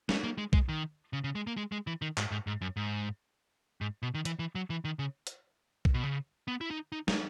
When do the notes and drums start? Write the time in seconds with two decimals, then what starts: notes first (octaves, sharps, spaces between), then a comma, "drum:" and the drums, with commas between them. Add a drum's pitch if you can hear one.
0.09 C#4, drum: snare
0.24 A#3
0.38 G#3
0.53 G#3, drum: kick B1
0.69 D#3
1.13 C#3
1.24 C#3
1.35 G#3
1.47 A#3
1.57 G#3
1.72 G#3
1.87 E3
2.02 D#3
2.18 G#2, drum: clap
2.31 G#2
2.47 G#2
2.61 F#2
2.76 G#2
3.81 G#2
4.03 B2
4.14 D#3
4.25 E3, drum: hi-hat
4.39 E3
4.55 F#3
4.70 E3
4.85 D#3
4.99 C#3
5.27 drum: hi-hat
5.85 drum: kick B1
5.94 B2
6.03 C#3
6.48 B3
6.61 E4
6.71 D#4
6.92 D#4
7.08 D#4, drum: snare